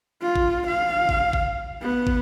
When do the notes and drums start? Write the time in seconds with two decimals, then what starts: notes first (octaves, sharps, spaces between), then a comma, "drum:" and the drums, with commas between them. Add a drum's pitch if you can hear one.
0.22 F4
0.36 drum: kick
0.67 F5
1.09 drum: kick
1.33 drum: kick
1.82 B3
2.07 drum: kick